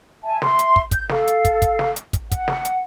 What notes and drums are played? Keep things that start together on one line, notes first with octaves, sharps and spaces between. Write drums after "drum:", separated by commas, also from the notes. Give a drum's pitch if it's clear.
E5 G#5 A5
E5 C6, drum: snare
drum: hi-hat
drum: kick
G6, drum: kick, hi-hat
A4 F5, drum: snare
drum: hi-hat
drum: kick, hi-hat
drum: kick, hi-hat
drum: snare
drum: hi-hat
drum: kick, hi-hat
F#5, drum: kick, hi-hat
drum: snare
drum: hi-hat